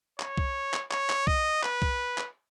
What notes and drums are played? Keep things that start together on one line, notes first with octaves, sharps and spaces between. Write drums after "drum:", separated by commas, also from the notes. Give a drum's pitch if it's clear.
C#5, drum: clap
drum: kick B1
drum: clap
C#5, drum: clap
drum: clap
D#5, drum: kick B1
B4, drum: clap
drum: kick B1
drum: clap